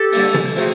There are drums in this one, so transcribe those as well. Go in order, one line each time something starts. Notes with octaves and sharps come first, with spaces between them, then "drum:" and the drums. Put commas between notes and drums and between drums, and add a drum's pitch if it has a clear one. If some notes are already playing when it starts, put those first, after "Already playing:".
Already playing: G4 A4
D3 G3 A#3, drum: open hi-hat
drum: tom
C3 F3 A3 F#4 G#4, drum: open hi-hat